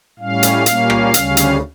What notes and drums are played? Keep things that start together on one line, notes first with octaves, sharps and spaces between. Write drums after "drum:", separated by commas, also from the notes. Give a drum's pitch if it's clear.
A2 G3 C#4 F5
drum: hi-hat
A#2 G3 A#3 C#4, drum: hi-hat
drum: rim click
D2 C#3 G3 C#4, drum: hi-hat
drum: hi-hat